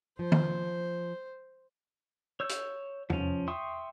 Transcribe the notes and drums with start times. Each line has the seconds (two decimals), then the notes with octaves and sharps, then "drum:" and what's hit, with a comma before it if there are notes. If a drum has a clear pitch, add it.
0.19 F3 C5
0.32 drum: tom D#3
2.40 C#5 E6 G6
2.49 drum: hi-hat
3.10 F3 C#4, drum: tom E2
3.48 E5 G5 C6 C#6 D#6